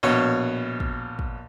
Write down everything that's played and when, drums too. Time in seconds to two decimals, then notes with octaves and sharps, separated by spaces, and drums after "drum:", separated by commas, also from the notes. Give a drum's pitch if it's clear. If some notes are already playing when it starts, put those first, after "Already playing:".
0.03 A#1 B2 C#5
0.80 drum: kick
1.19 drum: kick